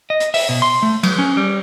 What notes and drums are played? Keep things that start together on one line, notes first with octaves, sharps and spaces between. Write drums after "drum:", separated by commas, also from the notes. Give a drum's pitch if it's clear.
D#5
drum: hi-hat
E5, drum: open hi-hat
B2
C6
A3
F#3, drum: cymbal
C#4
G3